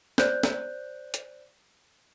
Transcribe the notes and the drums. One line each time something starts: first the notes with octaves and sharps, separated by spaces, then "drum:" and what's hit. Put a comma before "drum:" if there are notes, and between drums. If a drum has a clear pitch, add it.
C5 D5 F#6 G6, drum: snare
drum: snare
drum: hi-hat